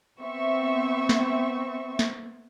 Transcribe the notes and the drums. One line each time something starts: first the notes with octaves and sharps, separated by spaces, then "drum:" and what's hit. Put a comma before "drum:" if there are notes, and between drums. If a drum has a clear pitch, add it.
B3 C4 E5 C#6
drum: snare
drum: snare